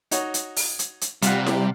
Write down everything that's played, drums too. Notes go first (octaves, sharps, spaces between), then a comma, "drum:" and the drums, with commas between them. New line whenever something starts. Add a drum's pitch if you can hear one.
D#4 F#4 C#5, drum: hi-hat
drum: hi-hat
drum: open hi-hat
drum: hi-hat
drum: hi-hat
C3 G3 F4 F#5, drum: hi-hat
drum: snare E4